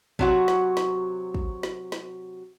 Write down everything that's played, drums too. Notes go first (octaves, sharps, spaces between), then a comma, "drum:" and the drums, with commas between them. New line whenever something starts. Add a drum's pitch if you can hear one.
C3 F#3 F#4, drum: kick
drum: snare
drum: snare
drum: kick
drum: snare
drum: snare